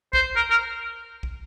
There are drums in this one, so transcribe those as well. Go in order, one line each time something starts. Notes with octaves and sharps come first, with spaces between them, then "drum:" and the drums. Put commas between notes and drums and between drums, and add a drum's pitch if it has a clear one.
C5, drum: kick
A#4
A#4
drum: kick